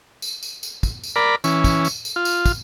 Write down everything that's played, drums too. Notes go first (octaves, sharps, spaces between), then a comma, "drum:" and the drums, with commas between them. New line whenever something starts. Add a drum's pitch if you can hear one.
drum: tambourine
drum: tambourine
drum: tambourine
drum: kick, tambourine
drum: tambourine
A#4 D5 B5
E3 C#4, drum: tambourine
drum: kick, tambourine
drum: tambourine
drum: tambourine
F4
drum: tambourine
drum: kick, tambourine